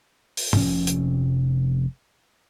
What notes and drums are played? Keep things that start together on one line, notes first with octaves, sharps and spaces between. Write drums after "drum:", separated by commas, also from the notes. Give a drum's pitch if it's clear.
drum: open hi-hat
F1 C3 F3 C#4, drum: tom
drum: hi-hat